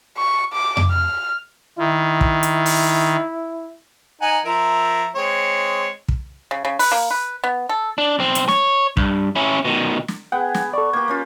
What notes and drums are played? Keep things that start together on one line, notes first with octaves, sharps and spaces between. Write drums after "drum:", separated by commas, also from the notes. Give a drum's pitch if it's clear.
C#6
D6
drum: tom F2
F6
D#3 E4
drum: kick
drum: hi-hat
drum: open hi-hat
D#4 F#5 G#5
F3 A#4 E5
G#3 C4 C#5
drum: kick
C#3
C#3
B4, drum: open hi-hat
A#3
B4
B3
A4
D4
B1 C4
drum: hi-hat
C#5, drum: snare
G2, drum: kick
C#4 E4
B2 D#3
drum: snare
B3 G#4 F#5 G5
drum: snare
A4 D5 C#6
A#3 G4 G#6
A#3 C#4 F4